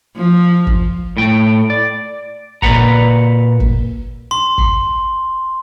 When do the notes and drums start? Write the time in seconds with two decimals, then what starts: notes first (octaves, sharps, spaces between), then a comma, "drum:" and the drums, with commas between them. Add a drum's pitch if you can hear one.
0.16 F3
0.67 drum: kick
1.17 A2 G5
1.70 D5
2.62 A#2 B4 F#5 A#5, drum: kick
3.60 drum: kick
4.31 C6
4.58 drum: kick